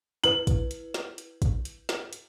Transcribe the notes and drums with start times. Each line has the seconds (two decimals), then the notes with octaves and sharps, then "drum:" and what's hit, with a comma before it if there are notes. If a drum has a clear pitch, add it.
0.24 E4 B4 F#7, drum: hi-hat
0.47 drum: kick, hi-hat
0.71 drum: hi-hat
0.94 drum: snare
1.18 drum: hi-hat
1.42 drum: kick, hi-hat
1.65 drum: hi-hat
1.89 drum: snare
2.13 drum: hi-hat